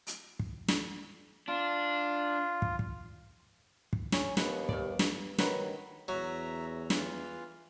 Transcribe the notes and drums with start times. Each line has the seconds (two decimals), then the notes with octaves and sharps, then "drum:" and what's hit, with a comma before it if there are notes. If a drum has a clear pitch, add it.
0.07 drum: hi-hat
0.39 drum: kick
0.68 drum: snare
1.48 D4 F4
2.62 drum: kick
2.79 drum: kick
3.93 drum: kick
4.12 C#4, drum: snare
4.37 D#2 B3 F#5, drum: snare
4.69 G2 D5, drum: kick
4.99 drum: snare
5.38 D#3 F#3 B4, drum: snare
6.08 E2 F#3 E5 A#5
6.90 E3 F4, drum: snare